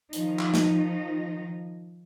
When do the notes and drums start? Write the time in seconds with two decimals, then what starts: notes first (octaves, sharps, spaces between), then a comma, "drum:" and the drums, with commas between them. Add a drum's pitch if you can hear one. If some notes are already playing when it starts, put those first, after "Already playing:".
0.13 D#3 F3 D#4, drum: hi-hat
0.39 drum: clap
0.54 drum: snare